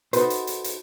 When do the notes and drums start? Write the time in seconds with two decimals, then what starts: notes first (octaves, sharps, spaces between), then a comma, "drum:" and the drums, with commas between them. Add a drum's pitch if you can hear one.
0.13 D#4 F#4 A4 B4 C5, drum: hi-hat
0.30 drum: hi-hat
0.47 drum: hi-hat
0.64 drum: hi-hat